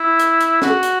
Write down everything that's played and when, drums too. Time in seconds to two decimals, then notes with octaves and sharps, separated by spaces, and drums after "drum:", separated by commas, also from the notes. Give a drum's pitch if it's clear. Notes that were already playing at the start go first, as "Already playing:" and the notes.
Already playing: E4
0.19 drum: hi-hat
0.40 drum: hi-hat
0.62 F#4, drum: snare
0.83 drum: hi-hat